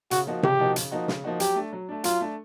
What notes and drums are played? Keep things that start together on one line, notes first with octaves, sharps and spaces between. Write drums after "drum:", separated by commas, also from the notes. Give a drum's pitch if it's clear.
C#3 F#4, drum: hi-hat
F3 A#3 D#4 F#4
C#3 G4, drum: tom C3
F3 A#3 D#4 F#4
C#3, drum: hi-hat
F3 A#3 D#4 F#4
C#3, drum: snare
F3 A#3 D#4 F#4
F#3 G4, drum: hi-hat
A3 D4
F#3
A3 D4
F#3 F4, drum: hi-hat
A3 D4